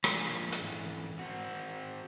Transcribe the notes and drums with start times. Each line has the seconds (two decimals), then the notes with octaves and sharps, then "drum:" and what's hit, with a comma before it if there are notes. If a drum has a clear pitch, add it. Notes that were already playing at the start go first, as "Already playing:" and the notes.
0.04 F3 G#3 A#3 D4 E4 G#4, drum: rim click
0.52 drum: hi-hat
0.62 G#2 E3
1.19 C4 F#4